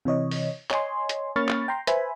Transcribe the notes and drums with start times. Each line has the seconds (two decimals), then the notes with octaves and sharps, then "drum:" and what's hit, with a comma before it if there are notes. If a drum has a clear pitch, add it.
0.05 C3 E3 C#5 D#5
0.31 drum: open hi-hat
0.70 C#5 D#5 G#5 C6, drum: clap
1.09 drum: hi-hat
1.36 A#3 C#4 B5 C#6 F6 A6
1.48 drum: clap
1.68 G5 A#5 C6
1.87 B4 C5 E5 G#5 B5, drum: hi-hat